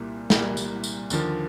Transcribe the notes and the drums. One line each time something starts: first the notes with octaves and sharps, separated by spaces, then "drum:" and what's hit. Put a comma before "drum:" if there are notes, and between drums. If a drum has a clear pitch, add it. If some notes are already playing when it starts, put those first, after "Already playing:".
Already playing: C2 A#2 G3 A#3
C2 A#2 G3 A#3, drum: snare
drum: tambourine
drum: tambourine
D#2 D3 F3 A#3, drum: tambourine